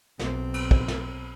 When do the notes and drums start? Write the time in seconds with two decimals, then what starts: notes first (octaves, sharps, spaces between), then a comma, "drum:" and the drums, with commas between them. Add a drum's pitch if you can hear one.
0.19 B1 C4, drum: snare
0.54 drum: cymbal
0.71 drum: kick
0.88 drum: snare